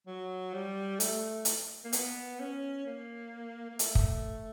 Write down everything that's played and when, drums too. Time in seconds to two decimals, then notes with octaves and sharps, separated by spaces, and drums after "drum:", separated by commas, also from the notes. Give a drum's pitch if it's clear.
0.07 F#3
0.54 G3
1.00 A3, drum: hi-hat
1.45 drum: hi-hat
1.84 A#3
1.93 B3, drum: hi-hat
2.40 C#4
2.86 A#3
3.70 A#3
3.79 A3, drum: hi-hat
3.95 drum: kick